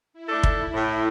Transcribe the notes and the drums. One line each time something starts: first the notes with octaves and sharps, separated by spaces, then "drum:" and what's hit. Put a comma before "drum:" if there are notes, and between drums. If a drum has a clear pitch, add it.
E4
A3 D4 A4
E4, drum: kick
A2 E4